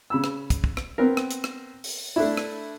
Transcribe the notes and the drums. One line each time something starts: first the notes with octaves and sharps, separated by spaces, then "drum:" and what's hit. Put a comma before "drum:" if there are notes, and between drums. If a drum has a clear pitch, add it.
C#3 B5 E6
drum: rim click
drum: kick, hi-hat
drum: kick
drum: rim click
B3 C4 A#4
drum: rim click
drum: hi-hat
drum: rim click
drum: open hi-hat
A3 D4 E4
drum: rim click